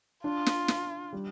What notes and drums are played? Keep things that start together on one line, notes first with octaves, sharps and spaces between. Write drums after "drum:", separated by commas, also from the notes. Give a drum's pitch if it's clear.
D4 F4
drum: snare
D4, drum: snare
G3